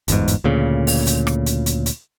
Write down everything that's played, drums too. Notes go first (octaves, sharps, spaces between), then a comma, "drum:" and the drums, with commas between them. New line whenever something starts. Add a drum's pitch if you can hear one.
G1 E2 G#2, drum: hi-hat
drum: hi-hat
D2 A#2 C#3
drum: open hi-hat
drum: hi-hat
drum: rim click
drum: hi-hat
drum: hi-hat
drum: hi-hat